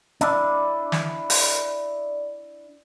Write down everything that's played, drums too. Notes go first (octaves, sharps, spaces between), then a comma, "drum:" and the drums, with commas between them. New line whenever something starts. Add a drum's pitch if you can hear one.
D4 E4, drum: hi-hat
drum: snare
drum: open hi-hat